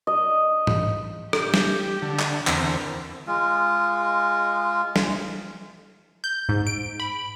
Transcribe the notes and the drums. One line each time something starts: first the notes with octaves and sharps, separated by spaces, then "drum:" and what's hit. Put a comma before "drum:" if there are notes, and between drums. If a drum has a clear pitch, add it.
D#5
drum: tom G#2
G4, drum: rim click
drum: snare
D3
drum: clap
E2 D3 C4 A#4, drum: clap
G#3 F4
drum: snare
G6
G#2
D7
B5